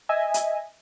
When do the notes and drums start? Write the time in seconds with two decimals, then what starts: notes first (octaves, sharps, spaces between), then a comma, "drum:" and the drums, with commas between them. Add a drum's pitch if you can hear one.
0.09 D#5 E5 G#5
0.34 drum: hi-hat